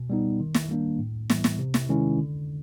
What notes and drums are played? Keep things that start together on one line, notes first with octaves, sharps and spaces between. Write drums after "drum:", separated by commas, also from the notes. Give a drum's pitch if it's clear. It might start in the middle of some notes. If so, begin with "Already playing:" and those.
Already playing: B2
G3 B3 D#4
D#3
drum: snare
G3 A#3 D4
A2
E3 G3 B3, drum: snare
drum: snare
C3
drum: snare
D#3 G#3 C#4 E4
D3